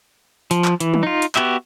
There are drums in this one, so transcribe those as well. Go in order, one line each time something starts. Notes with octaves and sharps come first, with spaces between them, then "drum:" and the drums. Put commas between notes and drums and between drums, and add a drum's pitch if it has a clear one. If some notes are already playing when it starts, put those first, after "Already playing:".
F3, drum: hi-hat
drum: clap
E3, drum: hi-hat
drum: tom
D#4 F4
drum: hi-hat
B3 F#4 G4 E5, drum: clap